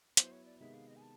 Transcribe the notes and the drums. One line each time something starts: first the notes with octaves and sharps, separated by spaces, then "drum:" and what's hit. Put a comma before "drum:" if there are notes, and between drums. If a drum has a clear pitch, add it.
F#3 B3 E4 C5, drum: hi-hat
C#5
D5
C3 D#3 G#3 B3 D#4 E5
F5
D#5
G#5
A5